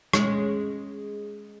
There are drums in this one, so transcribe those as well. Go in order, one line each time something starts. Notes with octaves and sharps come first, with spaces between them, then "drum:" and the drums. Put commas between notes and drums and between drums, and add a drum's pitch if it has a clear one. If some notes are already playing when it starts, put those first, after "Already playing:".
G#3 C#4, drum: rim click